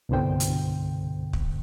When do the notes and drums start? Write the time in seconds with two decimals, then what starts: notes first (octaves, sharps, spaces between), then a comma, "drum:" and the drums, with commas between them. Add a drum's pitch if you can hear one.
0.09 C2 G2 B2 D3 C5 G5
0.40 drum: hi-hat
1.33 drum: kick